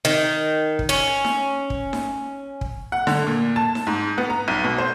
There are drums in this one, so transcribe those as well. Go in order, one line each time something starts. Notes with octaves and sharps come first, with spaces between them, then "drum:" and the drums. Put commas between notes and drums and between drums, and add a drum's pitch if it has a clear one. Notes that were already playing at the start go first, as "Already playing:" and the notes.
D#3
drum: kick
C#4
drum: snare D#4
drum: kick
drum: snare D#4
drum: kick
F#5
D3, drum: snare D#4
A#2
A5
drum: snare D#4
G#2
B3
A#5
B1
B2
C5